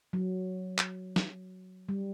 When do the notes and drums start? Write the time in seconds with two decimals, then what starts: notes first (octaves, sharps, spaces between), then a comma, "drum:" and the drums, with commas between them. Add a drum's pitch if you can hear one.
0.13 F#3
0.78 drum: clap
1.16 drum: snare
1.89 G3